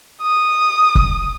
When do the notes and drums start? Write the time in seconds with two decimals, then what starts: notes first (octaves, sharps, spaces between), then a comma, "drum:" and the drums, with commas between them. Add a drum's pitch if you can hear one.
0.23 D#6
0.95 drum: kick